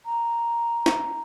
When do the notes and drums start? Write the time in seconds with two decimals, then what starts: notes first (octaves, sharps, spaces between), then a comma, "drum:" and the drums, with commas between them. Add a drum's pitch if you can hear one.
0.05 A#5
0.86 drum: snare